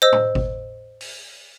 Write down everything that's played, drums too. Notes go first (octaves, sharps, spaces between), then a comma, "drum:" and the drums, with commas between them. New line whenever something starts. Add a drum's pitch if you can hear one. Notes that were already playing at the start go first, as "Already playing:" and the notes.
C5 D#5 E6
drum: tom A2
drum: kick G#1
drum: open hi-hat